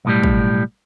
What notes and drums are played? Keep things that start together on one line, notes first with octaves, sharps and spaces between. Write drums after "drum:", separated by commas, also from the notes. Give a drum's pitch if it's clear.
B1 A2 G3
drum: kick